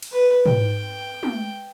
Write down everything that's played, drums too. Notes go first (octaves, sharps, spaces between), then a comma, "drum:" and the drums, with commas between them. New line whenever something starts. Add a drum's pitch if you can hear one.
drum: cymbal
B4
G5, drum: tom
drum: tom